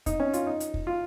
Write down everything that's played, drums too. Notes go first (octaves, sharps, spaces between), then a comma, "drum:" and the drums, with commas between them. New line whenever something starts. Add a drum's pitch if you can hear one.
D#4, drum: kick, hi-hat
C#4
F4, drum: hi-hat
D#4
drum: hi-hat
drum: kick
F4